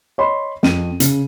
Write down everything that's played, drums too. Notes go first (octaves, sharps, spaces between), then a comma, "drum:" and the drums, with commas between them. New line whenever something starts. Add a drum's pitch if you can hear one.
C#5 D#5 B5 C6
F2 D#7, drum: snare
C#3, drum: hi-hat